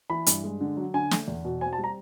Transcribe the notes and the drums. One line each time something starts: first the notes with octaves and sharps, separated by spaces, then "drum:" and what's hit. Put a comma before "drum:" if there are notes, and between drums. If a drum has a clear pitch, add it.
E3 B5
G2, drum: hi-hat
G#3
D3
F#3
D3 G#5
A3, drum: snare
E2
B2
C4 G#5
A5
G3
A#5